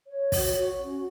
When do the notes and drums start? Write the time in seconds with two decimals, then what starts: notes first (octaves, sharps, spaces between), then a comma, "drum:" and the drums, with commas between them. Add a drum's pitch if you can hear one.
0.08 C#5
0.32 F#4, drum: kick, open hi-hat
0.55 F#4
0.79 C#4